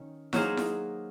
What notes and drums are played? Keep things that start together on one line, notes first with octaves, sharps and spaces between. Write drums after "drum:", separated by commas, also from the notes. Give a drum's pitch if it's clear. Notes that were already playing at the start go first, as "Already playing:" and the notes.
Already playing: D#3 C#4
F#3 A#3 D#4 G#4 C5, drum: snare E4
drum: snare E4